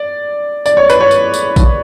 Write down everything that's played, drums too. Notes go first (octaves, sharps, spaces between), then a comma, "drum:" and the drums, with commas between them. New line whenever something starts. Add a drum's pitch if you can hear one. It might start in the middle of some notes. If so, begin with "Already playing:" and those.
Already playing: D5
D5, drum: tambourine
C#5
B4, drum: tambourine
C#5
drum: tambourine
drum: tambourine
drum: kick A1, tambourine